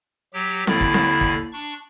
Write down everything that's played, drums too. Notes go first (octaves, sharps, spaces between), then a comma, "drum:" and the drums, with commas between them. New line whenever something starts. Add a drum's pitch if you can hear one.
F#3 G4
D#2 D3 E4 D5, drum: snare C4
drum: kick
drum: snare C4
drum: kick
D4 C#6